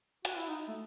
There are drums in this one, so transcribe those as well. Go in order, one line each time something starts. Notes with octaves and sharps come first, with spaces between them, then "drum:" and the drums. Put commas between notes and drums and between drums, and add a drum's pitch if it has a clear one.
F#4, drum: hi-hat
E4
D#4
A3